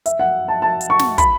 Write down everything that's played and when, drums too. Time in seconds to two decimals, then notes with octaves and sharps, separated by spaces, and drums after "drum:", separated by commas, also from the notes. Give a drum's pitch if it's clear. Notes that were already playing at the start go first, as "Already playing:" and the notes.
0.06 E5, drum: hi-hat
0.19 F#5
0.48 A5
0.62 A5
0.81 drum: hi-hat
0.90 C#6
0.99 drum: snare
1.18 B5, drum: kick, hi-hat